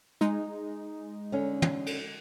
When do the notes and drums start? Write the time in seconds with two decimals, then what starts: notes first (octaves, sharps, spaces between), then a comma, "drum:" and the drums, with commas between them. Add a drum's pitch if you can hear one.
0.21 G#3 D#4, drum: hi-hat
1.32 D3 C#4
1.62 drum: tom
1.86 drum: cymbal